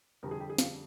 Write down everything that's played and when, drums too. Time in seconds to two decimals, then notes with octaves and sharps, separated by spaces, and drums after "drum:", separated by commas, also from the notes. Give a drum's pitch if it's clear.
0.23 F2 D3 G3 A#4
0.31 G#4
0.41 G4
0.50 G#4
0.58 F4, drum: snare